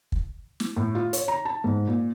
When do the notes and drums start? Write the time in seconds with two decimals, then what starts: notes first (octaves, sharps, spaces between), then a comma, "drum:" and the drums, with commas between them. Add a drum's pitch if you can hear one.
0.12 drum: kick
0.60 drum: snare
0.76 A2
0.95 F4
1.13 C#5, drum: hi-hat
1.28 A#5
1.45 A5
1.64 G#2
1.87 A#2